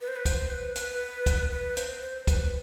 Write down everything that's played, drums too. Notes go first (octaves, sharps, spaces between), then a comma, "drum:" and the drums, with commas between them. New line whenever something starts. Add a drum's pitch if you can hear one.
B4
C5
B4
C5, drum: kick, hi-hat
B4
B4, drum: hi-hat
drum: kick, hi-hat
B4
C5, drum: hi-hat
C5
B4, drum: kick, hi-hat